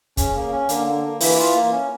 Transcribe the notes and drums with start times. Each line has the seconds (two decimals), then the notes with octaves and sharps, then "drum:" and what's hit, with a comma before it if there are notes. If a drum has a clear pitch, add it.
0.17 C#3 C#4, drum: kick, hi-hat
0.35 A#3
0.52 C#4
0.69 D3 A#3, drum: hi-hat
0.87 A#3
1.03 A#3
1.20 E3 A#3, drum: open hi-hat
1.38 F4
1.55 A#3
1.72 C#4